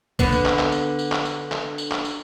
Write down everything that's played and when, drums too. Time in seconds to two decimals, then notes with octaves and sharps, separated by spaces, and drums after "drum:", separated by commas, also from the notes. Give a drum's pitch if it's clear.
0.19 D3 B3, drum: kick B1, tambourine
0.32 drum: tambourine
0.46 drum: clap
0.59 drum: clap
0.72 drum: tambourine
0.99 drum: tambourine
1.12 drum: clap
1.25 drum: tambourine
1.52 drum: clap
1.78 drum: tambourine
1.91 drum: clap
2.05 drum: tambourine